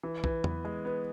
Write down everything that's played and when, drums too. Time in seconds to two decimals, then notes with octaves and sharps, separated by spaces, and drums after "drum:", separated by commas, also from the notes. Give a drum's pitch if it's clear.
0.03 E3
0.24 E3, drum: kick A#1
0.44 B3, drum: tom E2
0.65 G#3
0.85 B3